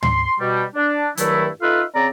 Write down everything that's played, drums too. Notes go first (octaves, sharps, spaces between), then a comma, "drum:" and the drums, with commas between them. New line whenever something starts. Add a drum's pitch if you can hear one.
C6, drum: tom
B2 G3
D4
G2 D#3 F#3 A3 E4, drum: hi-hat
D#4 F4 A4 B4 E5 F5
C#3 C4 D5 A#5